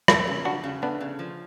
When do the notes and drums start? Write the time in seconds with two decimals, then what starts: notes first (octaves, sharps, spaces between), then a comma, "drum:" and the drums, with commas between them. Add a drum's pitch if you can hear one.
0.08 A3 A4 C#5, drum: rim click
0.27 C#3
0.45 F3 D4 F#4
0.63 C#3
0.82 A3 B3 D4
1.01 C#3
1.19 F3